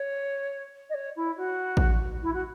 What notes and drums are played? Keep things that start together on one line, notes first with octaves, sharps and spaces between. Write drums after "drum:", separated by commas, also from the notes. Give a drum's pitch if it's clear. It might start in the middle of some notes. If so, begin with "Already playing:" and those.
Already playing: C#5
D#5
C#5
E4
F#4
drum: kick A1
E4
F#4